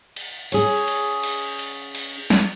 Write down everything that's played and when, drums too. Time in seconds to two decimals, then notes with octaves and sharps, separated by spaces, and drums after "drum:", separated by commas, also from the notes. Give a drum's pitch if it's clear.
0.16 drum: cymbal
0.52 C#4 G#4, drum: cymbal
0.88 drum: cymbal
1.23 drum: cymbal
1.59 drum: cymbal
1.95 drum: cymbal
2.30 drum: snare